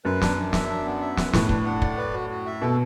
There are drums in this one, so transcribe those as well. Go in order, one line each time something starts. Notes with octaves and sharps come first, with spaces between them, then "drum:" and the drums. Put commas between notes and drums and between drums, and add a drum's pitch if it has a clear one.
F#2 B4
D4, drum: snare
D4
E5, drum: snare
D4
B3
E5
B4, drum: snare
A2 B4, drum: snare
D4, drum: kick
F#5
D5, drum: kick
B4
F#4
F#4
E5
B2 A4